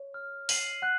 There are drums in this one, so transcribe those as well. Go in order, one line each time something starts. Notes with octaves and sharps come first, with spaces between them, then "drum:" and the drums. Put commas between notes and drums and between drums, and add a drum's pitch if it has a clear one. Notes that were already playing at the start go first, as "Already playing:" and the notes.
Already playing: C#5
F6
C7 D#7 F#7, drum: open hi-hat
F#5 F#6